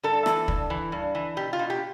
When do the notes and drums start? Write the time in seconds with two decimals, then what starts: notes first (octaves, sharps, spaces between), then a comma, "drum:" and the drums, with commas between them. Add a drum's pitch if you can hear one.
0.03 G2 A4
0.26 E3, drum: rim click
0.48 G2, drum: kick
0.70 E3
0.92 G2
1.15 E3
1.37 B2 G4
1.53 F4
1.59 B2
1.70 G4